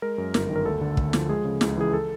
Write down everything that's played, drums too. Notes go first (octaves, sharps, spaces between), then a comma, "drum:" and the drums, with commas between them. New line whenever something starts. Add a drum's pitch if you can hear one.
G#3 A#4
F#2
G1 A#4, drum: snare
D#3
A#4
D2 A4
D3
D2, drum: kick
F3, drum: snare
G#3 G#4
C#3
C#2, drum: snare
E3 G#4
A4